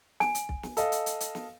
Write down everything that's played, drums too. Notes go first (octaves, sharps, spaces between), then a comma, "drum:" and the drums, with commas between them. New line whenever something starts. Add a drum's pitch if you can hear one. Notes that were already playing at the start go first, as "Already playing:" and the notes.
G#5, drum: snare
drum: hi-hat
drum: kick B1
drum: snare
A4 D#5 F5, drum: hi-hat
drum: hi-hat
drum: hi-hat
drum: hi-hat
drum: snare